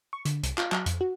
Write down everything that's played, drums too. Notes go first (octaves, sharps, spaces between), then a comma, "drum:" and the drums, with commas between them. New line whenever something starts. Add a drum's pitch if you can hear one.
C#6
D3, drum: hi-hat
C2, drum: hi-hat
F4, drum: clap
F#3, drum: clap
F2, drum: hi-hat
F#4